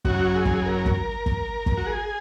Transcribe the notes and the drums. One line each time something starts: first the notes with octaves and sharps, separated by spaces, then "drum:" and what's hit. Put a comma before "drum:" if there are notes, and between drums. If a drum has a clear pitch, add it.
F#2 C#3 F#3 F#4, drum: kick
G#4
drum: kick
A#4
drum: kick
drum: kick
drum: kick
F#4
G#4